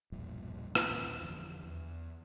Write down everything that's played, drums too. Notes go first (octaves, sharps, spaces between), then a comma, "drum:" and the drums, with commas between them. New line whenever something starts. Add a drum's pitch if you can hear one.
E1 A#1 G2 A#2
drum: rim click
G1 D#2 A#2 C#4
F2 D3 E3
E2